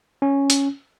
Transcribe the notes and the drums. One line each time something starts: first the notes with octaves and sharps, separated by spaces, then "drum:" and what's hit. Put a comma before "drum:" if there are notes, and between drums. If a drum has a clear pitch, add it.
C#4
drum: hi-hat